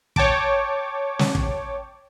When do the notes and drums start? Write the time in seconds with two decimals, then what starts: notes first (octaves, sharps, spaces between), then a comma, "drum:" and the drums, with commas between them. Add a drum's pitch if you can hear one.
0.16 C#5 G5 A5 D6, drum: kick
1.19 drum: snare
1.35 drum: kick